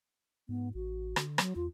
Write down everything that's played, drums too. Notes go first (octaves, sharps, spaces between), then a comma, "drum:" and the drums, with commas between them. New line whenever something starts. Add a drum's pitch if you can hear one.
G#2 B3
A1 F#4
D3, drum: rim click
F#3, drum: rim click
E2 F4